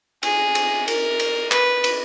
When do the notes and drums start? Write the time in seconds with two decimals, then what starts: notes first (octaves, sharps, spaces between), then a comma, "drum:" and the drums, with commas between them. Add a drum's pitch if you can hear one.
0.23 G#4, drum: cymbal
0.55 drum: cymbal
0.88 A#4, drum: cymbal
1.20 drum: cymbal
1.51 B4, drum: clap
1.84 drum: cymbal